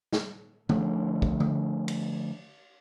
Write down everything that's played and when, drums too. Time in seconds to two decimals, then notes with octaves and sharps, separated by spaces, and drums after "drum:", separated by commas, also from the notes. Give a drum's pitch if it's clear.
0.13 drum: snare
0.69 D3 F3 A3 C#4, drum: tom D3
1.22 drum: kick
1.40 drum: tom D3
1.88 drum: cymbal